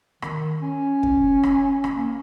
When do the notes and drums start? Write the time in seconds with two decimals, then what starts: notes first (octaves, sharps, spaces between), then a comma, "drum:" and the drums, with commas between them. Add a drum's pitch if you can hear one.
0.22 D#3, drum: rim click
0.62 C#4
1.03 drum: kick
1.43 drum: rim click
1.84 drum: rim click
1.95 A#3